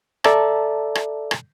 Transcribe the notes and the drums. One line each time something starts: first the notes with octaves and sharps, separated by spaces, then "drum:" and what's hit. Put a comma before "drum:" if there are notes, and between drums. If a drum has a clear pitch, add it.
A4 D5 E5 A5 A#5, drum: rim click
drum: rim click
drum: rim click